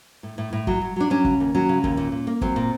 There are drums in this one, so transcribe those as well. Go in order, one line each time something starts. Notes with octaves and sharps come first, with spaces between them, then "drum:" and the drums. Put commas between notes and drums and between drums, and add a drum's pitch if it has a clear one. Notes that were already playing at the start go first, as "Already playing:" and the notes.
A2
A2
A2
F#3, drum: kick
F#3
F#3 D4
F#3 C#4
C#3, drum: kick
D#2
F#3 C#4
C#3
D#2, drum: kick
A#2
A#2
A#3
F#3 C4, drum: kick
A#2